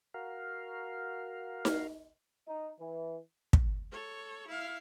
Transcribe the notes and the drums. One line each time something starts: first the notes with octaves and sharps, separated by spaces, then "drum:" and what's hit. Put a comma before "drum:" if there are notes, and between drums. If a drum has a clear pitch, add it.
F#4 A#4 F5
drum: snare D#4
D#4
E3
drum: kick
A4 C#5
E4 F5